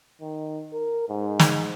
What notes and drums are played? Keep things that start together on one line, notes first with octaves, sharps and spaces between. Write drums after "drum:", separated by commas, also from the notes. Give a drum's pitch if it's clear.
D#3
A#4
G#2
drum: snare